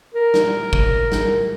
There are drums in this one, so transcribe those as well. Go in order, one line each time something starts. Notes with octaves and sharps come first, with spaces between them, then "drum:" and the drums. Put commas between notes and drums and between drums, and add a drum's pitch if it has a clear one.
A#4
drum: snare
drum: kick
drum: snare